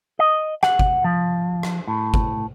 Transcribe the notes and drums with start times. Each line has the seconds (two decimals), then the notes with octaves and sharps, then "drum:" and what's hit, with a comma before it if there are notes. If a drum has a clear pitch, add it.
0.19 D#5
0.63 F#5, drum: rim click
0.79 drum: kick G1
1.04 F3
1.63 drum: rim click
1.88 A2
2.14 drum: kick G1